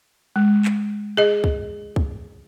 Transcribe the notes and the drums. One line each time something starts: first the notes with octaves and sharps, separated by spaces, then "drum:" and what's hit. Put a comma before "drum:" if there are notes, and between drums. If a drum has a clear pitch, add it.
G#3
drum: clap
G#4 D#5
drum: kick
drum: kick